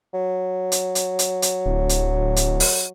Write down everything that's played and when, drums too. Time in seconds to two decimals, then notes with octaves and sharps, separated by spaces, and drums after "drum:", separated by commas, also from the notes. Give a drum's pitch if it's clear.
0.14 F#3
0.72 drum: hi-hat
0.95 drum: hi-hat
1.19 drum: hi-hat
1.42 drum: hi-hat
1.66 D1
1.89 drum: hi-hat
2.36 drum: hi-hat
2.60 drum: open hi-hat